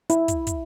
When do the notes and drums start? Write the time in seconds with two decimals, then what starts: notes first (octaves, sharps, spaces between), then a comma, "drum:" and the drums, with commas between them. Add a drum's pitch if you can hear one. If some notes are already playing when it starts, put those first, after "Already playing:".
0.10 E4, drum: hi-hat
0.28 drum: kick, hi-hat
0.47 drum: kick, hi-hat